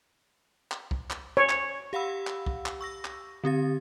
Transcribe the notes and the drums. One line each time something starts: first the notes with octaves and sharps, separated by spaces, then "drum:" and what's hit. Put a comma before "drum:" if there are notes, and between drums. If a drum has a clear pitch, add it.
drum: clap
drum: kick
drum: clap
C#5
drum: clap
G4 F5 F#5 B5 E6
drum: clap
drum: kick
drum: clap
C#6 E6 A#6
drum: clap
D3 C4 G4 A6